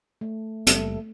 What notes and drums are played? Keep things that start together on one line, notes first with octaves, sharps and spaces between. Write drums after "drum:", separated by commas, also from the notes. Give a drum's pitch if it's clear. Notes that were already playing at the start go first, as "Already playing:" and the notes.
A3
F#1 G3 A#3 A4 E5, drum: hi-hat